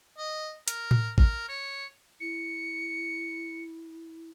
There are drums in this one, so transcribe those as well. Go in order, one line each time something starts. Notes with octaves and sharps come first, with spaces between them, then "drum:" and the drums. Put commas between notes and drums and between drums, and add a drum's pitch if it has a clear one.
D#5
A#4, drum: hi-hat
drum: tom A2
A#4, drum: kick G#1
C#5
E4 C#7